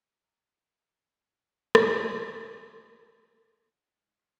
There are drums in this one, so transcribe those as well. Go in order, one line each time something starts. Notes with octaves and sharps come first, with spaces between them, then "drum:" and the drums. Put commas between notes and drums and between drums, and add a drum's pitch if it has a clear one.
A#5
G2
A#1 F#3
drum: rim click
F2 F3 F4 A6
C5 C#5 D#5 A5 B5 C6
C2 D6 F6 F7
D4 F4 F#4 G#4 A4 C5
D#3 G#3 F6 G#6 A6 C#7
C6 C#6 D#6 F6 B6 C7